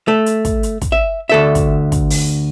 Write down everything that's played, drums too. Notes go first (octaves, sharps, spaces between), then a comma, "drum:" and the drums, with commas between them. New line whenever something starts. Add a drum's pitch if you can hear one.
A3
drum: hi-hat
drum: kick, hi-hat
drum: hi-hat
drum: kick, hi-hat
E5
D2 A4 E5
drum: kick, hi-hat
drum: kick, hi-hat
drum: open hi-hat